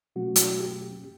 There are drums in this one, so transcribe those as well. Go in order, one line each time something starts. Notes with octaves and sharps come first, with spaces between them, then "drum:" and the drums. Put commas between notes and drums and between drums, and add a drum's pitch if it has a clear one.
B2 F#3 A3 C#4 F#4
drum: hi-hat
G4